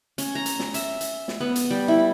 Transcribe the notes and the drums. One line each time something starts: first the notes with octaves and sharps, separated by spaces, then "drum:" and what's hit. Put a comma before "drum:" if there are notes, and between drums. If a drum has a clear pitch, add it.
C#4, drum: hi-hat
A#5
drum: hi-hat
drum: snare
E5, drum: hi-hat
drum: hi-hat
drum: snare
B3
drum: hi-hat
G3
E4